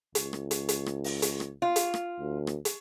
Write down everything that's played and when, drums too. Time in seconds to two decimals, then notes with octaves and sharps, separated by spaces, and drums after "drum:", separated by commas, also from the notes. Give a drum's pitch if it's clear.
0.15 C#2, drum: hi-hat
0.33 drum: rim click
0.51 drum: hi-hat
0.69 drum: hi-hat
0.86 drum: rim click
1.04 drum: open hi-hat
1.22 drum: hi-hat
1.40 drum: rim click
1.62 F4
1.76 drum: hi-hat
1.94 drum: rim click
2.20 D2
2.47 drum: rim click
2.65 drum: hi-hat